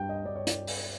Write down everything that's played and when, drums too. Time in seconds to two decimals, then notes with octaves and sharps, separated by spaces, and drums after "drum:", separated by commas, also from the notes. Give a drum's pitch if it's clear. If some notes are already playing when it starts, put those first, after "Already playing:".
Already playing: G2 G3 G5
0.09 D#5
0.24 G2 D5
0.36 C#5
0.47 D5, drum: hi-hat
0.67 drum: open hi-hat